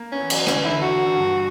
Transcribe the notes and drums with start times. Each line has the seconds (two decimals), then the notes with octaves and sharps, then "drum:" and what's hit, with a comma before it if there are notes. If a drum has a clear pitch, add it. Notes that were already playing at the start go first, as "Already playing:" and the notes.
Already playing: A#3
0.12 B3 C#4
0.20 E3
0.30 F#3, drum: cymbal
0.47 D3 C#4, drum: rim click
0.55 E3
0.64 D3 E4
0.81 E3 F#4
0.93 E3
1.05 D3
1.16 G2